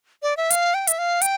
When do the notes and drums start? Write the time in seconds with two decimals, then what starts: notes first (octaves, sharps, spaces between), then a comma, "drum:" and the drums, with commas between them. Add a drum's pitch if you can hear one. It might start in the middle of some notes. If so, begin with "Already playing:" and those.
0.23 D5
0.37 E5
0.50 F5, drum: hi-hat
0.74 G5
0.87 E5, drum: hi-hat
0.98 F5
1.22 G5, drum: hi-hat